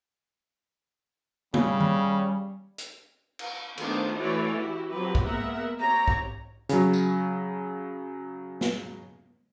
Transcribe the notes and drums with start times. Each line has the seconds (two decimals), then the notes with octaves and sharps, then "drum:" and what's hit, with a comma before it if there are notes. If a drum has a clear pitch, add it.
1.54 C#3 G3, drum: tom
1.80 drum: tom D#3
2.78 drum: hi-hat
3.39 drum: cymbal
3.78 D#3 A3 B3 D4 F4 C5, drum: cymbal
4.17 E3 A3 F#4 B4 C#5 D5
4.55 E4 F#4 G4
4.91 F3 F#3 C4 G4 B4
5.15 drum: kick B1
5.25 G#3 A#3 B3 A#4 E5 F#5
5.81 C4 G4 C#5 A#5
6.08 drum: kick B1
6.69 C#3 F#3, drum: hi-hat
6.93 drum: tambourine
8.61 drum: snare